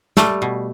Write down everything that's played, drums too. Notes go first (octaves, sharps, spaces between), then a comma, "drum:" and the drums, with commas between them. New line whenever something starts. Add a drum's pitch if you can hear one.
G3 A3, drum: snare
B2